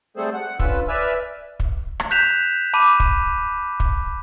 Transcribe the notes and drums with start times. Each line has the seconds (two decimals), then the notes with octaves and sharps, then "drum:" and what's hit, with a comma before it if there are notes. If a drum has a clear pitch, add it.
0.17 G3 A3 C4 G#4 A4 C5
0.34 F#5
0.59 D3 C#4 F4 B4 E6, drum: kick
0.88 B4 D5 E5 G#5 E6 F6
1.60 drum: kick
2.00 drum: rim click
2.11 F#6 G6 B6 E7 F7
2.73 A5 B5 D6 D#7
3.00 drum: kick
3.80 drum: kick